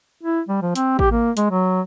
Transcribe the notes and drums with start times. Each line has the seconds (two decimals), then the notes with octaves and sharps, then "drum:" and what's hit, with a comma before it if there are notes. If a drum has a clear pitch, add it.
0.23 E4
0.49 G3
0.62 F3
0.75 C4, drum: hi-hat
0.99 G4, drum: kick A1
1.12 A#3
1.37 G#3, drum: hi-hat
1.51 F#3